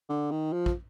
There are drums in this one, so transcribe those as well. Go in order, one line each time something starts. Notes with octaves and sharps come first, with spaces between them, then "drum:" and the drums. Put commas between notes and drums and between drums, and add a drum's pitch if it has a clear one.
D3
D#3
F3
drum: kick